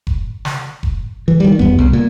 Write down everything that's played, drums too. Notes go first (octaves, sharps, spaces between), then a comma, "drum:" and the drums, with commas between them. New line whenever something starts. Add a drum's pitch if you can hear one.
drum: kick F1
drum: snare
drum: kick F1
E3
D#3 G3
E2 B3, drum: kick F1
C2
A#2